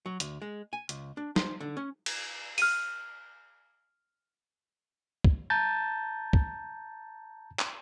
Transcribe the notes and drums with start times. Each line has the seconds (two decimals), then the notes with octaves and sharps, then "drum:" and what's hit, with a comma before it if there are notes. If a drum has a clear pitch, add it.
0.06 F#3
0.20 D2, drum: hi-hat
0.42 G#3
0.73 G#5
0.89 C#2, drum: hi-hat
1.17 D4
1.36 C5, drum: snare
1.60 D3
1.77 C#4
2.06 drum: cymbal
2.58 F6 D#7, drum: open hi-hat
5.24 drum: kick
5.50 A5 A#5 G6 A6
6.33 drum: kick
7.59 drum: clap